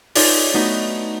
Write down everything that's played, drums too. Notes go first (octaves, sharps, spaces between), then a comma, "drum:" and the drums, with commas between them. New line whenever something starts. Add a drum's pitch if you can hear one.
D#4 F4 G#4 A4 C#5 D5, drum: open hi-hat
A3 B3 D#4 F#4